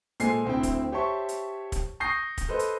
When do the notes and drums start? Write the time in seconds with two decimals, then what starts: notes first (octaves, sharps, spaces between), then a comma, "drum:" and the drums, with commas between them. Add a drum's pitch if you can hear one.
0.20 A#2 G#3 A4 C5 G#5 C7, drum: hi-hat
0.45 D2 C4 E4 G5
0.63 drum: kick, hi-hat
0.92 G4 C5 C#5 E5 A5 C#6
1.29 drum: hi-hat
1.72 drum: kick, hi-hat
2.00 C#6 D#6 G6 A#6 C7
2.38 drum: kick, hi-hat
2.49 A4 B4 C5 D#5
2.59 drum: hi-hat